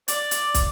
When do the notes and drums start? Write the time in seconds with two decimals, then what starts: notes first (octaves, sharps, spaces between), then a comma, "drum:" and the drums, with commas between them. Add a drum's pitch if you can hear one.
0.08 D5, drum: hi-hat
0.31 drum: hi-hat
0.54 drum: kick, hi-hat